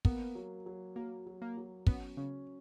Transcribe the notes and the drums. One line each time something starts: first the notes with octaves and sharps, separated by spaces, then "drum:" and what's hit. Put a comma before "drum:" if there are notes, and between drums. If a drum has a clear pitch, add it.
A#3 B3, drum: kick
F#3
F#3
F#3 A#3
F#3
A#3
F#3
B3 C#4, drum: kick
C#3 C#4